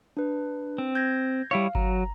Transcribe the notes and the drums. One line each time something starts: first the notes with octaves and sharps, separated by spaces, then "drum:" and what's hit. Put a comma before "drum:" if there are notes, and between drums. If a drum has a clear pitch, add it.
D4 B4
C4
G6 G#6 A#6
G3 E4 C#5 F5
F#3 A#5, drum: kick G1